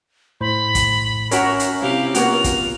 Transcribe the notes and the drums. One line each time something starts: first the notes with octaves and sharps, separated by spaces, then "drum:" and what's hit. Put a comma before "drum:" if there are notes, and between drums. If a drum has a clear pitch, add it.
A2 C5 B5
drum: kick, hi-hat
C#4 F#4 A#4 C#5 E5 A#5, drum: hi-hat
drum: hi-hat
C3 E4 G4 F5
A#3 B3 F4 F#4 F7, drum: hi-hat
drum: kick, hi-hat